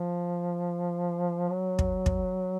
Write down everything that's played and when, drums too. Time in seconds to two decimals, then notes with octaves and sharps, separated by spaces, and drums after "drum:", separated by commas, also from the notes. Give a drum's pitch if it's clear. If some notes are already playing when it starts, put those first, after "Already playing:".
Already playing: F3
1.51 F#3
1.79 drum: kick
2.06 drum: kick